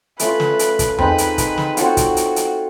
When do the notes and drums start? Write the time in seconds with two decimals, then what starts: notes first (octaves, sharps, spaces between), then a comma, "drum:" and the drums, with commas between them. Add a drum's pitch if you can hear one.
0.19 A3 C#4 F4 B4, drum: hi-hat
0.40 drum: snare
0.59 drum: hi-hat
0.79 drum: kick, hi-hat
0.98 C4 D#4 G#4 B4, drum: tom E2
1.18 drum: hi-hat
1.38 drum: kick, hi-hat
1.58 drum: snare
1.77 C4 F4 F#4 A4 C#5, drum: hi-hat
1.97 drum: kick, hi-hat
2.17 drum: hi-hat
2.36 drum: hi-hat